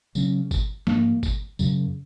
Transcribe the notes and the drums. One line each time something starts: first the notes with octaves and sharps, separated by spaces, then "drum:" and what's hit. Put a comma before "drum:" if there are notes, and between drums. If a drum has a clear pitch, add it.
C#3 F#3 C#4, drum: tambourine
drum: kick, tambourine
G#2 F3 A#3, drum: snare
drum: kick, tambourine
F#2 C#3 F#3, drum: tambourine